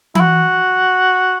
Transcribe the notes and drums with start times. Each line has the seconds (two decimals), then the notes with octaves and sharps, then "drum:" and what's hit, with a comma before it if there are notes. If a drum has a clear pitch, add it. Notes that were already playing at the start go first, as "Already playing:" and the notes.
0.15 E4, drum: tom E3
0.20 F#4